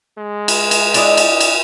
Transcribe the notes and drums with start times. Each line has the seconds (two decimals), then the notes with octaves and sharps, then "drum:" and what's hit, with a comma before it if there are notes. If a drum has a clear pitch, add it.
0.18 G#3
0.48 drum: cymbal
0.71 drum: cymbal
0.94 D4 E4 D#5, drum: cymbal
1.17 drum: cymbal
1.40 drum: cymbal